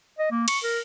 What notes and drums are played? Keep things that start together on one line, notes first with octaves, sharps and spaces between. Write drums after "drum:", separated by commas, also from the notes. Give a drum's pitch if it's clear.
D#5
A#3
C#6, drum: cymbal
A#4